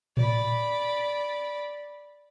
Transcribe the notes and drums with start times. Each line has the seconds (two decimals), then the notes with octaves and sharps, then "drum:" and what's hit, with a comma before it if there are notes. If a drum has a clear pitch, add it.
0.17 D5 B5, drum: tom A2